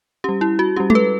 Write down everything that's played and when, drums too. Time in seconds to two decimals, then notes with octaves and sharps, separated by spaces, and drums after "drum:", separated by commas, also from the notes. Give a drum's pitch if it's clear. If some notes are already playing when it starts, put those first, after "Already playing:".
0.24 G3 C#4 G4
0.41 E4
0.59 F#4
0.76 G3 C#4 G4
0.90 A4, drum: tom G#3
0.95 B4